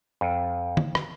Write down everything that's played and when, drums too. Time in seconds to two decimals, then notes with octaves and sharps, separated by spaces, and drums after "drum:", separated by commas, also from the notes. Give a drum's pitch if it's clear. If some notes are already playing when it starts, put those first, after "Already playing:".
0.21 F2
0.77 drum: tom D3
0.95 drum: rim click